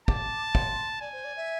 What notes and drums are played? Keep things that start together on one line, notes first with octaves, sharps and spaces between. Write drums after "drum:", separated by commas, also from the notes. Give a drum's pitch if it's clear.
A5 D6, drum: kick
C6, drum: kick
D5 G#5
C5
D5
E5